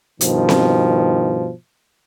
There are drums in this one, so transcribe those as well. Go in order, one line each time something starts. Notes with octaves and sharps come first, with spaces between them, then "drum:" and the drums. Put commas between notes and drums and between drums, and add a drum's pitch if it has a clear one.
G2 B2 D#3 F3, drum: hi-hat
drum: snare C4